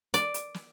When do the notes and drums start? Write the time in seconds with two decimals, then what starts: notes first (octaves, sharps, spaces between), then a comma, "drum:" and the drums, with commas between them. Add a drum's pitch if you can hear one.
0.14 D5, drum: hi-hat
0.34 drum: hi-hat
0.54 drum: snare